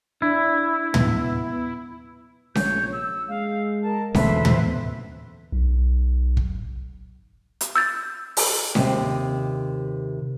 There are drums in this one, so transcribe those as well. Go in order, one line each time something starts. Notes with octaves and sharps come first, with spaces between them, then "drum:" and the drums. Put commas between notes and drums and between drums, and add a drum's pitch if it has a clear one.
D4 E4
B3, drum: tom
A#1 C#5 G6, drum: snare C#4
E6
G#3 F5
A#4 D#5 A5
E2 B2 D3 A3 B4 C5 E5, drum: snare C#4
drum: tom
B1
drum: kick
drum: hi-hat
E6 G6 A6
drum: open hi-hat
D#2 C3, drum: snare C#4